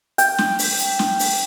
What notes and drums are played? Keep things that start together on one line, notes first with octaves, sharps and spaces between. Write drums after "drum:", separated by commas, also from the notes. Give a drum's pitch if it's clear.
G5, drum: hi-hat
drum: snare
drum: open hi-hat
drum: hi-hat
drum: snare
drum: open hi-hat